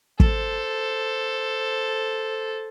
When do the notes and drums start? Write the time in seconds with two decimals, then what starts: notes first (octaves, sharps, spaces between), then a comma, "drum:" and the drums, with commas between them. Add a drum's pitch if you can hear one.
0.20 A4 C5, drum: kick